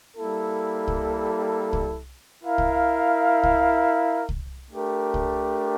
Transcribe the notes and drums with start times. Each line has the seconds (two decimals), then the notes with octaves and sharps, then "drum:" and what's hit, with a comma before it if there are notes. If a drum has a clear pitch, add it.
0.16 G3 A#3 E4 A4
0.88 drum: kick C2
1.73 drum: kick C2
2.44 E4 A#4 F5
2.58 drum: kick C2
3.43 drum: kick C2
4.29 drum: kick C2
4.71 A3 D4 G4 A#4
5.14 drum: kick C2